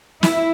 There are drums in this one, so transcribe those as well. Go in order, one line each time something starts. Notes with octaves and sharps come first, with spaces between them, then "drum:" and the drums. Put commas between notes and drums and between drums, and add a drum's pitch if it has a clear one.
E4, drum: snare